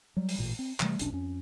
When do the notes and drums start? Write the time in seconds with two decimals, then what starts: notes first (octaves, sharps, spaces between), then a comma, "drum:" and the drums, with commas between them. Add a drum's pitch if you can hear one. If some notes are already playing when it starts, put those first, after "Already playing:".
0.17 F#3 G3
0.29 drum: open hi-hat
0.39 A1 A#2
0.59 C4
0.80 C3 E3 G3 A3, drum: clap
0.99 E1 B1 C#4 D4, drum: hi-hat
1.12 F2 C#4